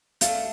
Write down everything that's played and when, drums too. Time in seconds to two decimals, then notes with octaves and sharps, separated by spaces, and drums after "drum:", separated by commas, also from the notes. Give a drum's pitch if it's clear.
0.21 A3 D4 A4 F5, drum: hi-hat